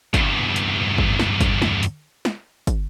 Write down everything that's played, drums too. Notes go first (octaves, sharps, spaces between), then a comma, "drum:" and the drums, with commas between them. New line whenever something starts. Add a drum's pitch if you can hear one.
E2 G2, drum: kick, hi-hat
drum: hi-hat
drum: kick
drum: snare
drum: kick, hi-hat
drum: snare
drum: hi-hat
drum: snare
drum: kick, hi-hat